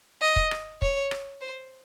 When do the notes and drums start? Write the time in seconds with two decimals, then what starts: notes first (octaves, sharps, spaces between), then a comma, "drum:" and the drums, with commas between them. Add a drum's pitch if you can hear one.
0.21 D#5
0.36 drum: kick
0.51 drum: rim click
0.82 C#5, drum: kick
1.11 drum: rim click
1.41 C5